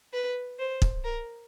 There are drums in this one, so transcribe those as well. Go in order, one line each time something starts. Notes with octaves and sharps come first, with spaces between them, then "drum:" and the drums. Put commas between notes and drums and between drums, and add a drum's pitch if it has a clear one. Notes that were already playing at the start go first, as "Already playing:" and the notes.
B4
C5
drum: kick
A#4